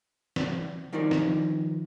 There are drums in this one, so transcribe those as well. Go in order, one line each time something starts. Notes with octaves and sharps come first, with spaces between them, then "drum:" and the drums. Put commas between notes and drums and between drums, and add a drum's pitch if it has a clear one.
drum: snare
D#3 F3 D#4 A#4 D5
drum: snare